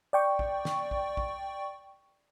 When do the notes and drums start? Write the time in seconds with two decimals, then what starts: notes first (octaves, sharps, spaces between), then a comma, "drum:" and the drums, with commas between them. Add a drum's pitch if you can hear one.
0.13 D5 G5 C#6
0.39 drum: kick A#1
0.65 drum: snare
0.91 drum: kick A#1
1.17 drum: kick A#1